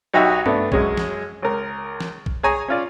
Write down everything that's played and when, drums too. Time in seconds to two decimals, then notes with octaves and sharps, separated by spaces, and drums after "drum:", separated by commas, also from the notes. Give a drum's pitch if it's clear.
0.13 B1 D#4 F#4 G4 E5
0.46 A3 B3 D4, drum: tom G2
0.72 F#2 G#3 C#4, drum: kick A#1
0.97 drum: snare
1.42 C#2 A#4
2.00 drum: snare
2.26 drum: kick A#1
2.43 G#4 C#5 G#5 A#5
2.68 C#4 F4 D5